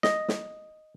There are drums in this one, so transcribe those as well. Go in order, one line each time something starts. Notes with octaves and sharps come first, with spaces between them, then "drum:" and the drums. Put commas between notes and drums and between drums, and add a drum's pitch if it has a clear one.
D#5, drum: snare
drum: snare